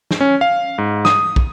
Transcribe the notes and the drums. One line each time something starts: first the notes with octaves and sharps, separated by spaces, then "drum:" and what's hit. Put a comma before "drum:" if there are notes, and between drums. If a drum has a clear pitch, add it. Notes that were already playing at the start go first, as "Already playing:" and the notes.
drum: snare
C#4
F5
G#2
D#6, drum: snare
drum: kick